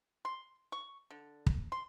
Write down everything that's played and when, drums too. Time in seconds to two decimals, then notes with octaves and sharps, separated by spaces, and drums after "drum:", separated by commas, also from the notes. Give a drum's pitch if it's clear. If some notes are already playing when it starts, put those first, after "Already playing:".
0.25 C6
0.72 C#6
1.11 D3
1.46 drum: kick
1.72 C6